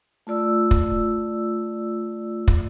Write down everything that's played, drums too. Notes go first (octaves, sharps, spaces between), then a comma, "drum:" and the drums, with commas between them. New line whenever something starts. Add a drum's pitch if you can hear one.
A3 F4 D5 E6
drum: kick
drum: kick